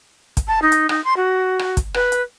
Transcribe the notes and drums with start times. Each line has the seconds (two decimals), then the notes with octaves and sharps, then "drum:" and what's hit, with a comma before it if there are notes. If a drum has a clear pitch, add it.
0.37 drum: kick, hi-hat
0.47 A5
0.62 D#4
0.72 drum: hi-hat
0.89 D#4, drum: rim click
1.04 C6
1.16 F#4
1.59 drum: rim click
1.77 drum: kick, hi-hat
1.94 B4, drum: rim click
2.12 drum: hi-hat